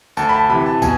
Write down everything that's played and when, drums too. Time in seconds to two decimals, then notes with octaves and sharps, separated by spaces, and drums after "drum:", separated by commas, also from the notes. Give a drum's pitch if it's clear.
0.17 D2 A5, drum: tambourine
0.29 B5
0.33 A5
0.49 C3 E3 B5
0.66 A5
0.82 B2 G#5, drum: kick, tambourine